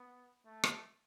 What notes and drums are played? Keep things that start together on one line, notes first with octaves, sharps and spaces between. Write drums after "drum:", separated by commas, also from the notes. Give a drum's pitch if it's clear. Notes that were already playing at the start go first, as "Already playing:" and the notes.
Already playing: B3
A3
drum: rim click